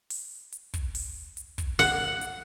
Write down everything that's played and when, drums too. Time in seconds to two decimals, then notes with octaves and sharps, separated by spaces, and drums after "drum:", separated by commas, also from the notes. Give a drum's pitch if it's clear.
0.10 drum: open hi-hat
0.52 drum: hi-hat
0.74 drum: kick, hi-hat
0.95 drum: open hi-hat
1.37 drum: hi-hat
1.58 drum: kick, hi-hat
1.79 F#5, drum: open hi-hat
2.21 drum: hi-hat